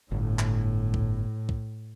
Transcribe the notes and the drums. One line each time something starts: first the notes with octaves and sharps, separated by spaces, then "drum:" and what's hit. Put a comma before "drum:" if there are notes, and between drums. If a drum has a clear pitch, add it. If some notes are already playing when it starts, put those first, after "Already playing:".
G1 A2
drum: clap
drum: kick
drum: kick